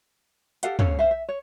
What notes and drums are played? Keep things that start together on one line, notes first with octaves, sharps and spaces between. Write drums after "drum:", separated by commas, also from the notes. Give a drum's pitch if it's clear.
G4 A4 F5 F#5, drum: hi-hat
C#4 A4 C#5 F5, drum: tom
C5 E5 F5
E5
C#5